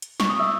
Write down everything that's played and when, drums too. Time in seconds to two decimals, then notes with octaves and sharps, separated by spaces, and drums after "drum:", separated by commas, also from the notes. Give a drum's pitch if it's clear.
0.02 drum: hi-hat
0.20 C#6, drum: snare
0.29 D#6
0.39 E5 E6